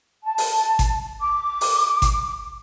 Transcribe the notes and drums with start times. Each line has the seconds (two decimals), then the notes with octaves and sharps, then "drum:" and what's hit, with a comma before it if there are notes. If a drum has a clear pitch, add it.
0.24 A5
0.38 drum: open hi-hat
0.79 drum: kick G#1, hi-hat
1.20 D6
1.61 drum: open hi-hat
2.02 drum: kick G#1, hi-hat